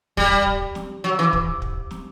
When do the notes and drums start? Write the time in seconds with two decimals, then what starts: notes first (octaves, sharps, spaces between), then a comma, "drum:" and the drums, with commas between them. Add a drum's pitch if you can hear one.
0.17 G3, drum: kick
0.46 drum: kick
0.75 drum: snare
1.04 F#3
1.19 E3
1.33 drum: kick
1.62 drum: kick
1.91 drum: snare